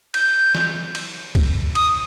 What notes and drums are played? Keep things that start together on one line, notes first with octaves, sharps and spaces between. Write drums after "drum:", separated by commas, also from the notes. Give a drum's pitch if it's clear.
G6, drum: cymbal
drum: snare
drum: cymbal
drum: kick C#2, cymbal
D#6, drum: cymbal